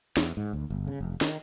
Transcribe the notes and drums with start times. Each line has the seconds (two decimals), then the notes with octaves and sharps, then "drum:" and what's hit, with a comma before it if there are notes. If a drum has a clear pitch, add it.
0.17 E2, drum: snare
0.37 G#2
0.53 D2
0.70 G1
0.87 C#3
1.01 F1
1.21 D#3, drum: snare